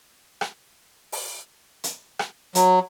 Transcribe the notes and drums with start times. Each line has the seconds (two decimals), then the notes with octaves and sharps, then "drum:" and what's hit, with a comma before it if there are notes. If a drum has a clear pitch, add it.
0.41 drum: rim click
1.12 drum: open hi-hat
1.84 drum: hi-hat
2.19 drum: rim click
2.55 F#3, drum: hi-hat